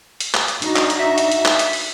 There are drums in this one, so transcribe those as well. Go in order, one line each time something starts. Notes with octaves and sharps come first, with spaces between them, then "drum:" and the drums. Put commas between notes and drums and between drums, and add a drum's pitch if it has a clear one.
drum: hi-hat
drum: clap
drum: hi-hat
D4 D#4 F#4, drum: hi-hat
drum: clap
drum: hi-hat
E5
drum: hi-hat
drum: hi-hat
drum: clap
drum: hi-hat
drum: open hi-hat